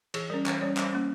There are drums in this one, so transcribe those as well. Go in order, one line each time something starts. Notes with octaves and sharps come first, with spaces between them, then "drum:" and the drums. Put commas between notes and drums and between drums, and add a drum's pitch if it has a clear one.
E3 G#4, drum: cymbal
G3 C#4 A#4
E3 C5, drum: clap
G3 C#4 C#5
G3 C5, drum: clap
A#3 C#4